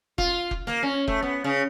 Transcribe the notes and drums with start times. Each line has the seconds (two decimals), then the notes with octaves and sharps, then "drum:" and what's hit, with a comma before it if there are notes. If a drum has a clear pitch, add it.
0.18 F4, drum: kick F1
0.51 drum: kick F1
0.67 A#3, drum: snare
0.83 C#4
1.08 A3, drum: kick F1
1.22 B3
1.44 C#3